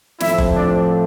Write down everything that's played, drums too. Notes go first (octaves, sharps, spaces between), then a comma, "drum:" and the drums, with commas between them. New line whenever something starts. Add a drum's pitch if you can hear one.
A2 F3 A3 C4 E4 E5, drum: snare
drum: kick F#1
D4 D5